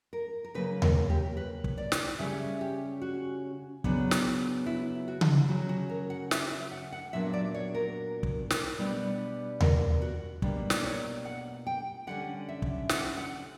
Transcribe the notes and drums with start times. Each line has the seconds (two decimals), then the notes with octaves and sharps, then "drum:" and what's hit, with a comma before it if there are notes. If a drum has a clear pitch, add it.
0.13 A#4
0.45 A#4
0.54 C#3 F#3 A#3 B4
0.82 A#4, drum: tom D#2
1.10 G4
1.37 B4
1.64 drum: kick
1.78 D5
1.92 drum: snare
2.19 C#3 G3 C#4 E5
2.61 G4
3.01 F#4
3.84 C#3 F#3 B3 D4, drum: kick
4.11 drum: snare
4.66 E4
5.08 F#4
5.21 drum: tom C#3
5.48 C#3 F#3 C#4 F#4
5.69 F#4
5.90 A#4
6.10 F#5
6.31 E5, drum: snare
6.51 E5
6.72 F#5
6.92 F#5
7.13 A#2 F#3 B3 D4 E5
7.33 D5
7.55 C#5
7.75 A#4
8.23 drum: kick
8.50 drum: snare
8.78 B2 G3 B3 D4
9.61 A#4, drum: tom D#2
10.02 F#4
10.42 B2 G3 A#3 D4, drum: kick
10.70 drum: snare
10.84 C#5
11.25 F#5
11.67 G5
12.07 D3 G3 C#4 F#5
12.49 E5
12.62 drum: kick
12.89 F#5, drum: snare
13.17 F#5